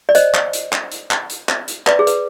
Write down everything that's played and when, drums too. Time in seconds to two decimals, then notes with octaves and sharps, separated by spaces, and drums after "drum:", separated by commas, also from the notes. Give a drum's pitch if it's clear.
0.09 D5
0.15 C5 D#5, drum: hi-hat
0.34 drum: clap
0.53 drum: hi-hat
0.72 drum: clap
0.92 drum: hi-hat
1.11 drum: clap
1.30 drum: hi-hat
1.49 drum: clap
1.68 drum: hi-hat
1.87 B4 D5, drum: clap
1.99 G#4
2.07 B4, drum: hi-hat